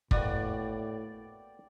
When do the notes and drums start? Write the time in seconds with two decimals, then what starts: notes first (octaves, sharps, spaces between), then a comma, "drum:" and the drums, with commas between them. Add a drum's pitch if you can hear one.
0.11 A2 A#3 B3 F#4 D5 G5, drum: kick